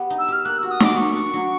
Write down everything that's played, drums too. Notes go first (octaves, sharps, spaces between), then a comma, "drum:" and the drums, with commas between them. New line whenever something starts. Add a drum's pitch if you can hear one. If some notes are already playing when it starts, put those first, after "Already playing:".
Already playing: B3 G4
D#4
E6
G4 F6
A#3 F#6
F#4 E6
D#6
F#4 D6, drum: snare
A#3 C#6
D4
F#3